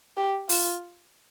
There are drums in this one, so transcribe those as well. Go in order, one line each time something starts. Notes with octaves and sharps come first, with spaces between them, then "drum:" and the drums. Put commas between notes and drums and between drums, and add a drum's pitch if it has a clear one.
G4
F4, drum: open hi-hat